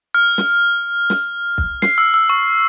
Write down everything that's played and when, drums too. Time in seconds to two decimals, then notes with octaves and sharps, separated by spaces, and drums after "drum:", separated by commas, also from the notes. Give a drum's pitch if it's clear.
0.14 F6
0.38 drum: snare
1.10 drum: snare
1.58 drum: kick
1.82 C7, drum: snare
1.98 E6
2.14 E6
2.30 C#6